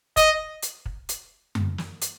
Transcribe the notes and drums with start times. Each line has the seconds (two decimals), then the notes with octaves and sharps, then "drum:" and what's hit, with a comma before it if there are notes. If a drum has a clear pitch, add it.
0.17 D#5, drum: kick, hi-hat
0.62 drum: hi-hat
0.86 drum: kick
1.09 drum: hi-hat
1.55 drum: tom F#2
1.78 drum: snare
2.01 drum: hi-hat